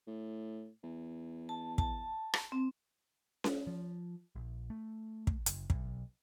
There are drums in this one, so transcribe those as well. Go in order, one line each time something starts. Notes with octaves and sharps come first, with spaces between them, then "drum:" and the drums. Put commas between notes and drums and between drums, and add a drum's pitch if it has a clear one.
A2
E2
A5
A5, drum: kick
drum: rim click
C4
drum: snare C#4
F3
A#1
A3
drum: kick
F#1, drum: hi-hat
B1, drum: kick